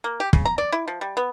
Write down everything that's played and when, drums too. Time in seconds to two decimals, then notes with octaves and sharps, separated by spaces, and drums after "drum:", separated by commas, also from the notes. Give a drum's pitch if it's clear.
0.04 A#3
0.20 G4
0.33 C#3, drum: kick
0.45 A#5
0.58 D5
0.72 E4
0.88 F3
1.01 G3
1.17 B3